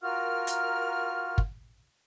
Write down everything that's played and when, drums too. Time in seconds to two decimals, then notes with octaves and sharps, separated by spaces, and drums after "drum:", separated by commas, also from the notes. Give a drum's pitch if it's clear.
0.03 F4 F#4 A#4 F6
0.47 drum: hi-hat
1.38 drum: kick